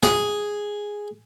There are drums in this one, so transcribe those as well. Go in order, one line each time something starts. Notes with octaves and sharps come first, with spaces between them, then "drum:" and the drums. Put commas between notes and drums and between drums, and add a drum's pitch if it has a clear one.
G#4, drum: snare